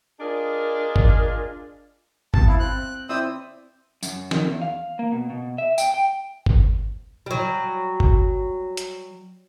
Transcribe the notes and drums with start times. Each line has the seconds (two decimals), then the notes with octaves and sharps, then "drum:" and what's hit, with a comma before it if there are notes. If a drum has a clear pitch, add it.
0.20 D4 F4 G#4 A#4 D5 D#5
0.96 drum: kick G#1
2.34 G2 B2 A5, drum: kick G#1
2.48 E4 F5
2.60 C4 F#6
3.09 C4 E4 C5 D5 D#6 E6
4.03 F#2, drum: tambourine
4.31 D#3, drum: snare
4.47 E2
4.61 F5
4.99 A#3
5.12 B2
5.30 B2
5.58 E5
5.78 G5, drum: tambourine
5.94 G5
6.46 drum: kick G#1
7.26 F#3 G3
8.00 drum: kick G#1
8.77 drum: hi-hat